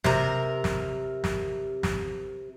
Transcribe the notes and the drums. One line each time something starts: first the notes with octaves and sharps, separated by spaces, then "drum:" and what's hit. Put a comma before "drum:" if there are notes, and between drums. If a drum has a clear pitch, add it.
C3 A#4, drum: snare
drum: snare
drum: snare
drum: snare